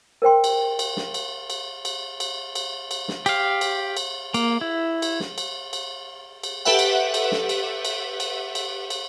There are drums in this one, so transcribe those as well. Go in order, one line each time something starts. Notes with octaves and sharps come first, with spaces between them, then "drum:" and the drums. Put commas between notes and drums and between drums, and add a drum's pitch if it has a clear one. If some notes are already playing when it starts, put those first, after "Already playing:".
A#4 C5 G5 C6
drum: cymbal
drum: cymbal
drum: snare
drum: cymbal
drum: cymbal
drum: cymbal
drum: cymbal
drum: cymbal
drum: cymbal
drum: snare
G4 F5, drum: cymbal
drum: cymbal
drum: cymbal
A#3, drum: cymbal
E4
drum: cymbal
drum: snare
drum: cymbal
drum: cymbal
drum: cymbal
G4 A4 B4 E5 F#5
drum: cymbal
drum: cymbal
drum: snare
drum: cymbal
drum: cymbal
drum: cymbal
drum: cymbal
drum: cymbal